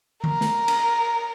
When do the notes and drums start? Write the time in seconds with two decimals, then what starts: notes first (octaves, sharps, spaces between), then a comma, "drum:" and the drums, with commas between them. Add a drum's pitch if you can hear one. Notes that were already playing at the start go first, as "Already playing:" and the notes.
0.24 A#4, drum: tom D3
0.41 drum: snare
0.68 drum: cymbal